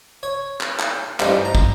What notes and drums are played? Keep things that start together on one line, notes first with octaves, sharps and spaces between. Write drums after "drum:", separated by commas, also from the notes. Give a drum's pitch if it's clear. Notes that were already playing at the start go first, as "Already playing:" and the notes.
C#5
drum: clap
drum: clap
A1 G2 D4 D#4 C5, drum: clap
A#5
drum: kick